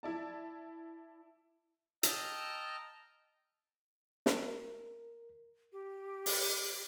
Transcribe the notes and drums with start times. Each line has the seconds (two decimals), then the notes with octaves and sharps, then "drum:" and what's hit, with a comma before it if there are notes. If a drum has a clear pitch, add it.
0.03 E4 D5 A5
2.03 D#5 G5 A5 A#5 E6 F6, drum: hi-hat
4.26 A#4, drum: snare
5.73 G4
6.26 drum: open hi-hat